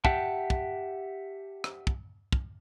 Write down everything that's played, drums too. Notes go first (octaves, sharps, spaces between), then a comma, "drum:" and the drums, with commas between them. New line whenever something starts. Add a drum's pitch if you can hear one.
G4 E5 F#5 G5 A5, drum: kick
drum: kick
drum: rim click
drum: kick
drum: kick